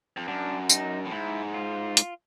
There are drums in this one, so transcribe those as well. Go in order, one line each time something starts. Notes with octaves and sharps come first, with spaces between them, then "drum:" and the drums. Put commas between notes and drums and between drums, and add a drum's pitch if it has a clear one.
F2
F#2 D4
D#4, drum: tambourine
A2
G#2 E4
F4
drum: hi-hat